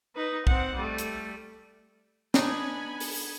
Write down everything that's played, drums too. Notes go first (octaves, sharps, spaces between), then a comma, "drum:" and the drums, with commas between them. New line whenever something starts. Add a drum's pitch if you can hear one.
D#4 B4
C4 F#5, drum: kick
G3 A3
drum: hi-hat
B3 D4 D#4 G#5 B5, drum: snare
drum: open hi-hat